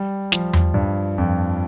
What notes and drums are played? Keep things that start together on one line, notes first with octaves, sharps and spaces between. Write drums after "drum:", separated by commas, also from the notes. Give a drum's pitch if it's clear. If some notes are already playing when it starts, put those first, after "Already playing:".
Already playing: G3
F3, drum: snare
drum: tom E2
G2
F2